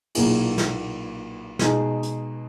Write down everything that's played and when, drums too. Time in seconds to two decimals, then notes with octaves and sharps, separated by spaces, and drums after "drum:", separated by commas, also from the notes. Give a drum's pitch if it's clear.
0.15 B1 A#2 A#3 E4 G#4, drum: cymbal
0.58 drum: snare
1.59 B2 G#3 D#4 G#4, drum: snare
2.03 drum: hi-hat